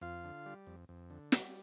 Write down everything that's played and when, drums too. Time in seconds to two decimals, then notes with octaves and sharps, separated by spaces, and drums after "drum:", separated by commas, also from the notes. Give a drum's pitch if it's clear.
0.01 F2 F4 F5
0.24 D3
0.46 G3
0.67 F2
0.89 F2
1.10 D3
1.32 G3, drum: snare